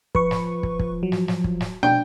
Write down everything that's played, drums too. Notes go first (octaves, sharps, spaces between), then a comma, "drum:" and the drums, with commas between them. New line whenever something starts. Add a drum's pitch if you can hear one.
F3 B4 C#6, drum: kick
drum: snare
drum: kick
drum: kick
F#3
drum: snare
drum: snare
drum: kick
drum: snare
B2 D4 G5